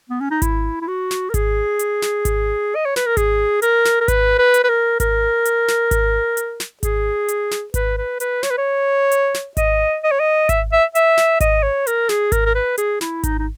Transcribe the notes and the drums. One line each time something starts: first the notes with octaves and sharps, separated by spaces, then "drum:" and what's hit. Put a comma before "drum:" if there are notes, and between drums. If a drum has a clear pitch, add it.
B3
C#4
D#4
E4, drum: kick G#1, hi-hat
E4
F#4
drum: snare
A#4
G#4, drum: kick G#1, hi-hat
drum: hi-hat
drum: snare
drum: kick G#1, hi-hat
D#5
C#5
B4, drum: snare
A#4
G#4, drum: kick G#1, hi-hat
A#4, drum: hi-hat
drum: snare
A#4
B4, drum: kick G#1, hi-hat
B4
drum: hi-hat
B4
A#4
A#4, drum: kick G#1, hi-hat
drum: hi-hat
drum: snare
drum: kick G#1, hi-hat
drum: hi-hat
drum: snare
G#4, drum: kick G#1, hi-hat
drum: hi-hat
drum: snare
B4, drum: kick G#1, hi-hat
B4
B4, drum: hi-hat
C#5, drum: snare
B4
C#5
drum: hi-hat
drum: snare
D#5, drum: kick G#1, hi-hat
D#5
C#5
D#5
E5, drum: kick G#1, hi-hat
E5
E5, drum: hi-hat
drum: snare
D#5, drum: kick G#1, hi-hat
C#5
A#4, drum: hi-hat
G#4, drum: snare
A#4, drum: kick G#1, hi-hat
A#4
B4
G#4, drum: hi-hat
E4, drum: snare
D#4, drum: kick G#1, hi-hat
D#4